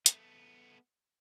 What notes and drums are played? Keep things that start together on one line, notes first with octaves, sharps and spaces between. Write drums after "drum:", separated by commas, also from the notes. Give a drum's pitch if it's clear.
A3 B3, drum: hi-hat